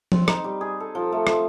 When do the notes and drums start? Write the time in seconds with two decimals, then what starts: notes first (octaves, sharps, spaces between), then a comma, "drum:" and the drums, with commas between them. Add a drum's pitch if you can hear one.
0.12 C4, drum: tom F3
0.28 D#4, drum: rim click
0.44 G3
0.61 G#4
0.80 A4
0.95 F3
1.12 A3
1.27 C4, drum: rim click